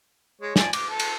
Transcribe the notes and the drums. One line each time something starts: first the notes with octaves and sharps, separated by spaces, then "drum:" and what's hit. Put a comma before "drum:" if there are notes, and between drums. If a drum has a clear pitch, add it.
G#3 C#5
F3 D5 G#5, drum: snare
D6, drum: cymbal
A4
drum: cymbal